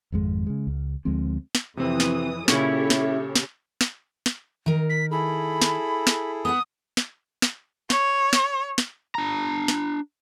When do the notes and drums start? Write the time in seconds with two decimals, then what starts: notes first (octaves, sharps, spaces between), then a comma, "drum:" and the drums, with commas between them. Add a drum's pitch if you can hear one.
0.12 G#1 F2 G#3
0.47 C#3 G#3
0.67 C#2
1.05 D2 F3 G#3 C4
1.55 drum: snare
1.77 F2 C3 E3 C4 D#6
2.00 drum: snare
2.48 A#2 C#3 C#4 E4 G4 A4 C#5, drum: snare
2.90 drum: snare
3.35 drum: snare
3.81 drum: snare
4.26 drum: snare
4.66 D#3 A#4
4.90 B6
5.12 E4 G#4 A4 B5
5.62 drum: snare
6.07 drum: snare
6.45 B3 F#5 D#6
6.97 drum: snare
7.42 drum: snare
7.90 C#5, drum: snare
8.33 drum: snare
8.78 drum: snare
9.15 D4 A#5
9.68 drum: snare